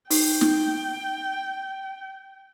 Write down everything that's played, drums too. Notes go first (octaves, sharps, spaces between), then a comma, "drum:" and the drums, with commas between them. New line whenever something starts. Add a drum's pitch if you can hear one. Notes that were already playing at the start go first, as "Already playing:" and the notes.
D#4 G5, drum: open hi-hat
D#4, drum: snare